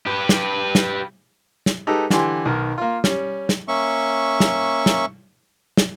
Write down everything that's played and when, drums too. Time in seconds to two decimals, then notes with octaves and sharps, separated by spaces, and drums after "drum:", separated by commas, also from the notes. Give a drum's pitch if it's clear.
0.06 G4 B4
0.29 drum: snare
0.75 drum: snare
1.66 drum: snare
1.87 G#3 D#4 G4 A4 B4
2.10 D3 E3 G4 G#5 C6, drum: snare
2.45 B1 D#3 A#4
2.78 A#3 F4
3.04 G3 C#4, drum: snare
3.49 drum: snare
3.68 A#3 C#4 E5 C#6
4.40 drum: snare
4.86 drum: snare
5.77 drum: snare